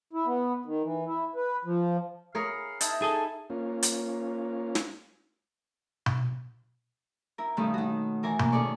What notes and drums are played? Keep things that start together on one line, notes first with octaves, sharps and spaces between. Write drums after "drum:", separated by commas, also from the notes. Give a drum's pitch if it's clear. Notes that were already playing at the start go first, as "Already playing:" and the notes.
E4
B3
D#3
E3
E4
B4
F3
G#4 A#4 C#5 F5 B5
D#4 E4 A5, drum: hi-hat
G#4 A4 A5
A#3 C#4 F4
drum: hi-hat
drum: snare
drum: tom B2
E4 A#4
G2 B2 D#3 A3 C#4 D#4
D#3 F#4
E3 A#4 G#5 A#5
A#3, drum: tom B2
D#3 C#4 G#4 A4 D5 C#6